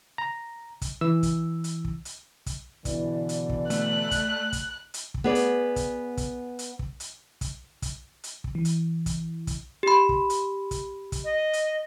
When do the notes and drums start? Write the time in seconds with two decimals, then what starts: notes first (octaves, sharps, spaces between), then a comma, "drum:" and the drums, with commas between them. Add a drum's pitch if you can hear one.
0.18 A#5
0.82 drum: kick, hi-hat
1.01 E3 E6
1.23 drum: kick, hi-hat
1.64 drum: hi-hat
1.85 drum: kick
2.05 drum: hi-hat
2.46 drum: kick, hi-hat
2.85 B2 D3 E3 D5, drum: kick, hi-hat
3.29 drum: hi-hat
3.49 drum: kick
3.70 A3 F#6, drum: hi-hat
4.11 drum: kick, hi-hat
4.53 drum: kick, hi-hat
4.94 drum: hi-hat
5.14 drum: kick
5.24 B3 G#4 D5
5.35 drum: hi-hat
5.76 drum: kick, hi-hat
6.17 drum: kick, hi-hat
6.59 drum: hi-hat
6.79 drum: kick
7.00 drum: hi-hat
7.41 drum: kick, hi-hat
7.82 drum: kick, hi-hat
8.24 drum: hi-hat
8.44 drum: kick
8.55 E3
8.65 drum: hi-hat
9.06 drum: kick, hi-hat
9.47 drum: kick, hi-hat
9.83 G4 B5
10.09 drum: kick
10.30 drum: hi-hat
10.71 drum: kick, hi-hat
11.12 drum: kick, hi-hat
11.24 D#5
11.53 drum: hi-hat